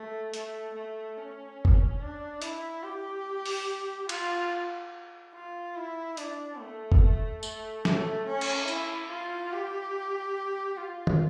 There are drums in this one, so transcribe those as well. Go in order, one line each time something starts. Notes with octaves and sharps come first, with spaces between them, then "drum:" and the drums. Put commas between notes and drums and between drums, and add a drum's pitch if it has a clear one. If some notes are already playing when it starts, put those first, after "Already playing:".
Already playing: A3
A3, drum: hi-hat
A3
C#4
drum: kick F1
D4
E4, drum: hi-hat
G4
drum: open hi-hat
F4, drum: cymbal
F4
E4
D4, drum: hi-hat
A3
drum: kick F1
A3
A3, drum: tambourine
A3, drum: snare
C#4
drum: cymbal
E4, drum: tambourine
F4
G4
F4
drum: tom